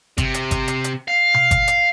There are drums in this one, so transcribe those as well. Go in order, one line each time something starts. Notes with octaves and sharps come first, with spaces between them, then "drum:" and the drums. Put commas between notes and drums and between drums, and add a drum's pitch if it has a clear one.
C3, drum: kick G1, hi-hat
drum: hi-hat
drum: kick G1, hi-hat
drum: hi-hat
drum: hi-hat
F5
drum: tom B2
drum: kick G1, hi-hat
drum: hi-hat